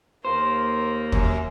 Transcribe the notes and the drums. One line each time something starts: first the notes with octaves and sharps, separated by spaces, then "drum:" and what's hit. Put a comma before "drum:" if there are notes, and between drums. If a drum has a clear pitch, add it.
D#2 A#3 C5
F#2, drum: kick